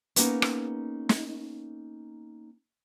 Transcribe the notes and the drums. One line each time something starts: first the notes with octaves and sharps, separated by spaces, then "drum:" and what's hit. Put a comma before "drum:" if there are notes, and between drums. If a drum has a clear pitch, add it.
A#3 B3 C#4 D#4 G#4 A#4, drum: hi-hat
drum: rim click
drum: snare